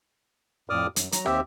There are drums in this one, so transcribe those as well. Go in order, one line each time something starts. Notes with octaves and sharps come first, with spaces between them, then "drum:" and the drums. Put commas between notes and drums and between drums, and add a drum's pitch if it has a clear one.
F2 A2 D5 D6 D#6 F6
F#2, drum: hi-hat
F#3 A#5, drum: hi-hat
D#2 C4 G4 E5, drum: rim click